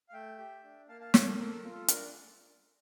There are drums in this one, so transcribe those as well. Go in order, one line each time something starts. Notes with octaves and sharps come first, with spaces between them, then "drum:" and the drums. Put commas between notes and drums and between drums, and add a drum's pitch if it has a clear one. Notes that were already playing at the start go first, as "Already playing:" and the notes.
F5
A3 E5 G5
G4
D4
A#3 F5 A5
F5 A5
A#3 A4 C#5, drum: snare
A4
A4 A#4
A#4
F4
A4
D4 A#4, drum: hi-hat